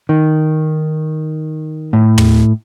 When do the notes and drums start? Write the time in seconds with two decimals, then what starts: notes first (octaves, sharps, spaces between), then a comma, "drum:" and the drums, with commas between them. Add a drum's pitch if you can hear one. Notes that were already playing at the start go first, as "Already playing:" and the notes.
0.09 D#3
1.93 A2
2.18 drum: tom